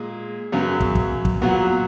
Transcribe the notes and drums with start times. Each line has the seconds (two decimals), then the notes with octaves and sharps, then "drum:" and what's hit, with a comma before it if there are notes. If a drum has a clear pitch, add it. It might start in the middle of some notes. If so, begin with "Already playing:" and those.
Already playing: A#2 G#3 G#4
0.52 F#2 C#3 F#3 B3
0.80 drum: kick
0.95 drum: kick
1.25 drum: kick
1.42 A#2 F#3 B3 F#4